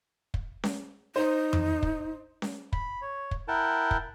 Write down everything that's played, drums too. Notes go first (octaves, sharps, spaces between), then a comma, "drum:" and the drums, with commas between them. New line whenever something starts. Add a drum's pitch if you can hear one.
drum: kick
drum: snare C#4
D#4 C5
drum: tom F2
drum: kick
drum: snare C#4
B5, drum: kick
C#5
drum: kick
E4 A#4 F#5 G5 A5
drum: kick